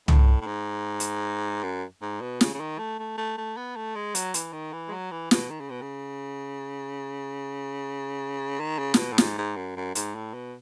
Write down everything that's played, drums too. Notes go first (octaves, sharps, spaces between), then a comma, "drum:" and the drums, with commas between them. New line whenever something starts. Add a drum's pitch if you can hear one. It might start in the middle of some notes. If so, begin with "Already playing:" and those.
A2, drum: tom
A2
G#2
drum: hi-hat
F#2
G#2
B2
C#3, drum: snare
C#3
D#3
A3
A3
A3
A3
B3
A3
G#3
F#3, drum: hi-hat
E3, drum: hi-hat
D#3
E3
G#3
F#3
E3
B2, drum: snare
D#3
C#3
B2
C#3
D#3
C#3
A2, drum: snare
B2
A2
G#2, drum: snare
G#2
F#2
F#2
G#2, drum: hi-hat
A2
B2